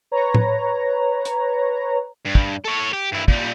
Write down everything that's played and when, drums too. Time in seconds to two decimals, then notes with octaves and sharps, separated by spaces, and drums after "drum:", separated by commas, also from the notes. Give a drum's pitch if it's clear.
0.11 B4 C#5 A#5
0.35 drum: tom A2
1.25 drum: hi-hat
2.25 G2
2.35 drum: kick
2.64 A4 C#5
2.93 G4
3.12 G2 E4
3.28 A#2 G3, drum: kick